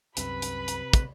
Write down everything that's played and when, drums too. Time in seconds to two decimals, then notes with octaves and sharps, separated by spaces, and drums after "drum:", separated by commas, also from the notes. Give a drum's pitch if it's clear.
0.17 C2 F#2 C3 B4 B5, drum: hi-hat
0.42 drum: hi-hat
0.68 drum: hi-hat
0.93 drum: kick, hi-hat